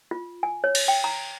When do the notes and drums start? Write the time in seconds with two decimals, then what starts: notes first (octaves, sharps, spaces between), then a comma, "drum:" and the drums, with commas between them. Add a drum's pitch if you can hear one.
0.11 F4
0.43 G#5
0.64 C#5
0.75 drum: cymbal
0.88 G5
1.04 A#5